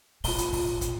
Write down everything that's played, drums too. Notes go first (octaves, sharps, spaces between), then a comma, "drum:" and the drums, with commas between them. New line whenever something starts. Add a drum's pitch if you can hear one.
A#2 F4 G7, drum: open hi-hat
drum: hi-hat
drum: kick, open hi-hat
drum: kick, hi-hat